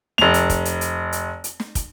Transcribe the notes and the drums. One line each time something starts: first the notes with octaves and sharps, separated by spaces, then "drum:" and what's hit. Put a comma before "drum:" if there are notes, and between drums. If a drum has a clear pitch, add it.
F1 F7, drum: snare
drum: hi-hat
drum: kick, hi-hat
drum: hi-hat
drum: hi-hat
drum: hi-hat
drum: hi-hat
drum: snare
drum: kick, hi-hat